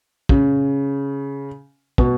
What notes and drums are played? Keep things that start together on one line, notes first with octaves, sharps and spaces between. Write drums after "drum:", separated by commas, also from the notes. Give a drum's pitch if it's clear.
C#3, drum: kick
B2, drum: kick